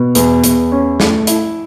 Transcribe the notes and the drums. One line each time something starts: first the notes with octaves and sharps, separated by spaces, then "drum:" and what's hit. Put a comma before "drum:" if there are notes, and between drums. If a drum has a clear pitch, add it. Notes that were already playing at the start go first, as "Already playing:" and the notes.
Already playing: B2
E2, drum: hi-hat
E2, drum: hi-hat
C#4
A3, drum: snare
E4, drum: hi-hat